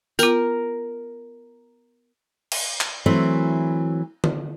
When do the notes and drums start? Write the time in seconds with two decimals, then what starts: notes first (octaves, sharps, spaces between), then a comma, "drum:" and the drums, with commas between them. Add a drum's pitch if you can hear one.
0.19 B3 F4 A#4, drum: tambourine
2.52 drum: cymbal
2.81 drum: clap
3.06 E3 F#3 A3 C4
4.24 drum: tom D3